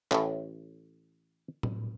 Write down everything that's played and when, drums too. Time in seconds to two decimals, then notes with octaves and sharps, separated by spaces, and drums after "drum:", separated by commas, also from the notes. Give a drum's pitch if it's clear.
0.11 A1 A2, drum: clap
1.63 drum: tom A2